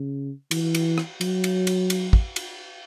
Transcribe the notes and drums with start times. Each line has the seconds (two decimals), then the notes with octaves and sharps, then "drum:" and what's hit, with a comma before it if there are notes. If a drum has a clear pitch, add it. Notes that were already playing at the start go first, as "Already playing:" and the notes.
Already playing: C#3
0.51 E3, drum: cymbal
0.75 drum: cymbal
0.98 drum: rim click
1.21 F#3, drum: cymbal
1.44 drum: cymbal
1.67 drum: cymbal
1.90 drum: cymbal
2.13 drum: kick
2.36 drum: cymbal